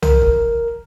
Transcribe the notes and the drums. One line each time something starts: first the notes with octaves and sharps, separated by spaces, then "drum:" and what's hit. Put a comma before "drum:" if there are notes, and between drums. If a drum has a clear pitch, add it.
A#4, drum: tom C2
drum: kick C#1